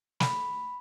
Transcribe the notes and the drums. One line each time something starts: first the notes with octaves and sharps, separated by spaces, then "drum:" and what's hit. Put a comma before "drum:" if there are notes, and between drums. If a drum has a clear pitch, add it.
B5, drum: snare